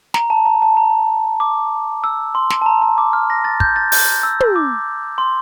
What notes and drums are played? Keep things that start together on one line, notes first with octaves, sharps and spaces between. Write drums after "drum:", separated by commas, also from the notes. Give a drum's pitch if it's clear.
A#5, drum: snare
A5
A#5
A5
A#5
D6
E6
C6
drum: snare
A5
A#5
A#5
D6
F6
A#6
A6
G6, drum: kick
A6
G6, drum: open hi-hat
E6
drum: tom
D6
C6